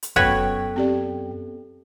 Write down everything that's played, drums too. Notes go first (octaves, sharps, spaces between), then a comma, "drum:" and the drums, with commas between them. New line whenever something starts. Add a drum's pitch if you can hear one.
drum: hi-hat
F#2 B3 C#4 F#4 A4 B4 C#5 G5, drum: kick
C4 G4 D5